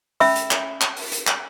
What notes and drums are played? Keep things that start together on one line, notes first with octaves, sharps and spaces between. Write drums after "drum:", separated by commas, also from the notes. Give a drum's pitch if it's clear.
C#4 E5 B5 E6, drum: open hi-hat
drum: hi-hat
drum: clap
drum: clap
drum: open hi-hat
drum: hi-hat
drum: clap